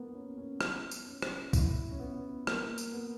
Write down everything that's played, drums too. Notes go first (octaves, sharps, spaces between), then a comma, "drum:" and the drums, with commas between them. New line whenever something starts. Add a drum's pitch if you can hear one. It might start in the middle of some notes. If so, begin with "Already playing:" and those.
Already playing: A#3 B3
C#4
C#4
B3, drum: rim click
drum: tambourine
C#4
drum: rim click
E4, drum: kick, tambourine
C#4
B3
A#3, drum: rim click
drum: tambourine
B3